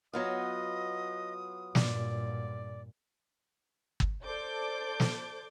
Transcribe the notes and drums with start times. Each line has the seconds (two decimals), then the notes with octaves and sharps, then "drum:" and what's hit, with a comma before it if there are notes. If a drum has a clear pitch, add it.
0.13 F#3 B3 F4 D#5 D#6
1.75 G2 A#2 D5, drum: snare
4.00 drum: kick
4.24 A4 C5 D5 D6 G6
5.00 drum: snare